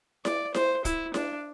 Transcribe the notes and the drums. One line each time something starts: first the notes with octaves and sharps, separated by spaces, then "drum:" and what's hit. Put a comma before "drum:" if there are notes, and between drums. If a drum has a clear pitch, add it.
D5, drum: snare E4
C5, drum: snare E4
E4, drum: kick, hi-hat
D4, drum: snare E4